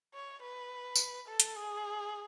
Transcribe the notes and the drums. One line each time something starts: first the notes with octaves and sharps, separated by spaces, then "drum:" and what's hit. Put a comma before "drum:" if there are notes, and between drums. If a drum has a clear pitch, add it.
C#5
B4
drum: tambourine
A4
drum: hi-hat
G#4